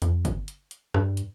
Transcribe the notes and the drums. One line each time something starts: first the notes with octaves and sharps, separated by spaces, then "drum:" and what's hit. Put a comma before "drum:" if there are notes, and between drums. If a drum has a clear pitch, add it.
F2, drum: hi-hat
drum: kick, hi-hat
drum: hi-hat
drum: hi-hat
G2, drum: rim click
drum: hi-hat